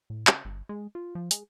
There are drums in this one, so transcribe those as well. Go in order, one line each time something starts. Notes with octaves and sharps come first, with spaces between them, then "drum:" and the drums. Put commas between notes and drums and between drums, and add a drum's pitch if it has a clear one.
A2
C#3, drum: clap
G1
G#3
F4
F3
G#3, drum: hi-hat